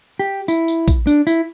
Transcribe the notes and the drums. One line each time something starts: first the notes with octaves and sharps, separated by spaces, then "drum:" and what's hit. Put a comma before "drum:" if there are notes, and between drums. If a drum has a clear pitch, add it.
G4
E4, drum: tambourine
drum: tambourine
drum: kick, tambourine
D4, drum: tambourine
E4, drum: tambourine